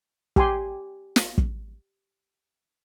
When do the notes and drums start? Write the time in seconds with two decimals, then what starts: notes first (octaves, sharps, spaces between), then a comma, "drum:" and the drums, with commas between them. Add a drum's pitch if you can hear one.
0.36 G4 G#5 C6, drum: kick
1.16 drum: snare
1.38 drum: kick